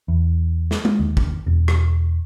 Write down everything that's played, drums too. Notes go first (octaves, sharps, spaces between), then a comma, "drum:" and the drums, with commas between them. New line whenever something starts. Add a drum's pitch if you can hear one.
E2
drum: snare
drum: tom G#3
D#2
drum: kick
E1
drum: rim click